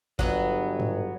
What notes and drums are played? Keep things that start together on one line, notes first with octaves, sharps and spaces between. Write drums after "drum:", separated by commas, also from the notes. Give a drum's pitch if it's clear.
G1 F#3 B3, drum: kick G#1
drum: tom G2